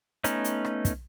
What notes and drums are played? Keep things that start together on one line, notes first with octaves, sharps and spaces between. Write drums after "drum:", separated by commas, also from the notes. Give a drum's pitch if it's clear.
A3 B3 C#4 D#4, drum: hi-hat
drum: hi-hat
drum: rim click
drum: kick, hi-hat